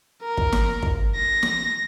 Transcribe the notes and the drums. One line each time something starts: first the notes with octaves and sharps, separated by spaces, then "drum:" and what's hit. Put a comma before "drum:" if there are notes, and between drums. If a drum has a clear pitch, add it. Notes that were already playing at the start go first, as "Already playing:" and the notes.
A#4
drum: kick
drum: snare
drum: kick
A#6
drum: snare